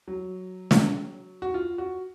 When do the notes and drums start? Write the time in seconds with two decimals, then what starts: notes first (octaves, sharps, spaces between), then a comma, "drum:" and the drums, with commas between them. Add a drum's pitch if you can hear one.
0.08 F#3
0.71 drum: snare
1.42 F#4
1.54 F4
1.78 F#4